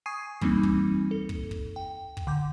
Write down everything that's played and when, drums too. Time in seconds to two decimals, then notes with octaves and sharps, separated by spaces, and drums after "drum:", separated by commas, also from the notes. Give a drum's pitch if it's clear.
0.06 G#5 C#6 D#6 G#6 C7 D#7
0.41 E3 G3 A#3 C4 D#4, drum: kick
0.63 drum: kick
1.11 A4
1.29 drum: kick
1.51 drum: kick
1.76 G5
2.17 drum: kick
2.27 D3 D6 G6